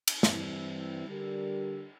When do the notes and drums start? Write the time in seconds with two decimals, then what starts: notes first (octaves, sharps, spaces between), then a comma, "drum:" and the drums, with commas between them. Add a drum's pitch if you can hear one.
0.07 drum: cymbal
0.23 G2 E3 G3 C4 E4, drum: snare
1.06 D3 G3 D4 G4 A#4